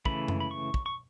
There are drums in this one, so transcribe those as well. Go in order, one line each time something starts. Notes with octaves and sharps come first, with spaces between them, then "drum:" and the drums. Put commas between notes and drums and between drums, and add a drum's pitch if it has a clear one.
C#3 E3 A3 B5, drum: kick
drum: tom F#2
B5
C#6
drum: kick
C#6